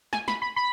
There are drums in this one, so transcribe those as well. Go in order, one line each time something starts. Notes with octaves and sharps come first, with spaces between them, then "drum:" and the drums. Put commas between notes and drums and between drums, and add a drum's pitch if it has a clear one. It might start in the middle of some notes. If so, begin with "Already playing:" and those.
G#5, drum: snare
B5, drum: snare
B5
B5